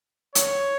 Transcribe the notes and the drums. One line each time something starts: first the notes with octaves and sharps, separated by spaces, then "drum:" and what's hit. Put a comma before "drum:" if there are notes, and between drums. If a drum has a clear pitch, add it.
C#5, drum: hi-hat